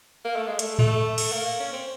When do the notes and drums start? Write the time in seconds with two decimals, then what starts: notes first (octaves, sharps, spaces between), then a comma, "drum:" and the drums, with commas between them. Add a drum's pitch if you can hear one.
0.24 A#3
0.36 A3
0.47 G#3
0.59 A3, drum: hi-hat
0.79 A3, drum: tom A2
1.18 drum: cymbal
1.32 A#3
1.60 C#4
1.73 C4